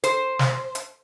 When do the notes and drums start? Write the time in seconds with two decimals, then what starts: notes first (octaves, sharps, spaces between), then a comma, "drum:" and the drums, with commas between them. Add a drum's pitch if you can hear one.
0.04 C5, drum: hi-hat
0.39 drum: snare
0.75 drum: hi-hat